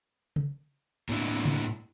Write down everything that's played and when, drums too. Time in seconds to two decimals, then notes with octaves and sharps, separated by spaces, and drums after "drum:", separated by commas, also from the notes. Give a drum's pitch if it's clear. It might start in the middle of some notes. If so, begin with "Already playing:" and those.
0.36 drum: tom C#3
1.09 A2 A#3 D4 E4
1.45 drum: tom C#3